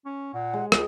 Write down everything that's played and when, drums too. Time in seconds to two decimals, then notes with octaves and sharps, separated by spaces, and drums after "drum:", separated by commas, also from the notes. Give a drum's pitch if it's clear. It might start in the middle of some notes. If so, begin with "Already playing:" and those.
0.05 C#4
0.34 A#2 F#5
0.54 G#3
0.72 C#2 G#4, drum: rim click